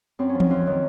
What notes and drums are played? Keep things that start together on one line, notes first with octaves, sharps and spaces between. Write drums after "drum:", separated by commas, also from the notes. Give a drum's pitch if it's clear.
F#2 C4
C#4
F3
D#4, drum: tom E3
F2 F4
D#3 F#3